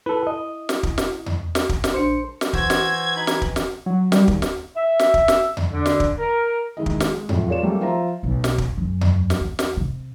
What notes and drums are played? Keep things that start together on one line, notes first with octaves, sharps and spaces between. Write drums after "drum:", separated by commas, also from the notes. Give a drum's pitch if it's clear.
E4 A4 B4
D#5
drum: snare
drum: kick
drum: snare
drum: tom E2
drum: snare
drum: kick
drum: snare
A#1 D4 C5 C#7
drum: snare
E3 F#4 C5 E6 G#6, drum: kick
drum: snare
D#4 B5
drum: snare
drum: kick
drum: snare
F#3
G3, drum: snare
D#2, drum: kick
drum: snare
E5
drum: snare
drum: kick
drum: snare
drum: tom E2
D3
drum: snare
drum: kick
A#4
D#3 G#3 E4 D#5
drum: kick
drum: snare
G#3
A2 C3 F3 F#3, drum: tom E2
F4 G#4 A#4 C#5 D5 E7
F#3 G3 A3 A#3 C4 G#4
F3 F4 C5 E5 A#5
B1
drum: snare
drum: kick
F#2
drum: tom E2
drum: snare
E2
drum: snare
C3